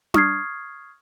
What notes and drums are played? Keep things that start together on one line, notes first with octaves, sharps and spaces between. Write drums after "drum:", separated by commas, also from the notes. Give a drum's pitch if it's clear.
C#6 D#6 F6 G#6 C7, drum: tom D4